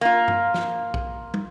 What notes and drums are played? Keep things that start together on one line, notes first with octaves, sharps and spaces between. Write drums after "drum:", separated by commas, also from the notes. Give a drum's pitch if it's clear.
A#3 F4
drum: tom G2
drum: snare
drum: kick
drum: tom